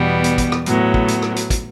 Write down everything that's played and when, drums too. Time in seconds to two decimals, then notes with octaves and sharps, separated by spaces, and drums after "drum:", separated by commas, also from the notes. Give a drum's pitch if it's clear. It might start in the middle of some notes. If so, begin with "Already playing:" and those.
Already playing: E2 B2 G3 B3
0.24 drum: hi-hat
0.38 drum: kick, hi-hat
0.52 drum: rim click
0.66 A2 F#3 B3, drum: hi-hat
0.94 drum: kick
1.08 drum: hi-hat
1.22 drum: rim click
1.36 drum: hi-hat
1.50 drum: kick, hi-hat